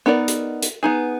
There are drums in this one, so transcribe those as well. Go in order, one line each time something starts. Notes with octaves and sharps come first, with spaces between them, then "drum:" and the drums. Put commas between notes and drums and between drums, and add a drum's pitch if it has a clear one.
B3 D#4 A#4 D5
drum: hi-hat
drum: hi-hat
B3 D#4 G#4